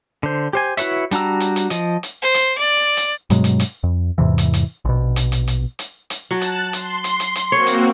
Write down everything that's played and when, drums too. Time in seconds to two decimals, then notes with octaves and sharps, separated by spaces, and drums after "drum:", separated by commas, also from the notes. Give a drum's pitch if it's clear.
0.23 D3 C5
0.53 G4 C5 G#5
0.77 E4 F#4 B4 C#5 E5, drum: hi-hat
1.11 G3 D4 F#4 A#5 E6, drum: hi-hat
1.40 drum: hi-hat
1.56 drum: hi-hat
1.70 F3 D#5, drum: hi-hat
2.03 drum: hi-hat
2.22 C5
2.34 drum: hi-hat
2.58 D5
2.97 drum: hi-hat
3.30 G2 B2 F#3 G#3, drum: hi-hat
3.44 drum: hi-hat
3.60 drum: hi-hat
3.83 F2
4.18 E2 G#2 C3 E3
4.38 drum: hi-hat
4.54 drum: hi-hat
4.85 A#1 B2
5.16 drum: hi-hat
5.32 drum: hi-hat
5.48 drum: hi-hat
5.79 drum: hi-hat
6.10 drum: hi-hat
6.31 F#3 A5 F#6
6.42 drum: hi-hat
6.73 C6, drum: hi-hat
7.04 drum: hi-hat
7.20 drum: hi-hat
7.35 drum: hi-hat
7.52 A#3 C4 F#4 C#5
7.67 drum: hi-hat